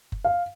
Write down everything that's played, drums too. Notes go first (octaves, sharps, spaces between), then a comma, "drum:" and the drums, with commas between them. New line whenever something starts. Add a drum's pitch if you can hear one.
drum: kick F#1
F5